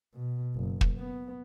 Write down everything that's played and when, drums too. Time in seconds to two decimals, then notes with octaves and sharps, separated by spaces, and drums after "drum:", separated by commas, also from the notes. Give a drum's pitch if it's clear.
0.15 B2
0.55 F#1
0.81 drum: kick
0.98 B3